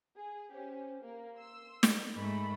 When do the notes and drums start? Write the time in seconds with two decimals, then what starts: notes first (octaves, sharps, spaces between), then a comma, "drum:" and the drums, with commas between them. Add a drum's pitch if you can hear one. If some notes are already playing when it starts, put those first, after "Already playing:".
0.17 G#4
0.51 C#4 G4 C5
1.02 A#3
1.37 C6 E6
1.83 drum: snare
2.15 G#2 A3 A#4 B5